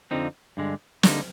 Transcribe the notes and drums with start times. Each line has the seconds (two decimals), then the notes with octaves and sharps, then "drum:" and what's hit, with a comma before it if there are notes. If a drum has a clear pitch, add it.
0.11 F2 D3 F3 C4 D#4
0.57 G2 D3 G#3
1.03 D3 G3 A#3 D#4, drum: snare